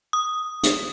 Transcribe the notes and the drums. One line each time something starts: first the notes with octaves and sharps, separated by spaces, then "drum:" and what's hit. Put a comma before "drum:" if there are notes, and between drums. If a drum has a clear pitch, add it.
D#6
drum: hi-hat